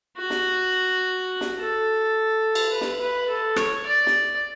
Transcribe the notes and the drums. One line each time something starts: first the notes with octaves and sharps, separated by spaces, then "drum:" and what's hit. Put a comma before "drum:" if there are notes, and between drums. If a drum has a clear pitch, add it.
F#4
drum: snare
drum: snare
A4
drum: cymbal
B4
drum: snare
B4
A4
C#5, drum: rim click
D5
drum: snare